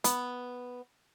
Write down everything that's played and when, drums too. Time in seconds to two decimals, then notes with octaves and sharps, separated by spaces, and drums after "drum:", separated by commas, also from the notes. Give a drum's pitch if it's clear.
0.04 B3, drum: hi-hat